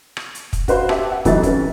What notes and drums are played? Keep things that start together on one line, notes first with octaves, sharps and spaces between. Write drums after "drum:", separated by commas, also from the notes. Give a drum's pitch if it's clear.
drum: rim click
drum: hi-hat
drum: kick, hi-hat
F#4 B4 C5 F5, drum: kick, hi-hat
G4 E5 A5, drum: rim click
F#5
F2 C3 E3 F#3 D#4 A6, drum: kick, hi-hat
C#4 B4, drum: kick, hi-hat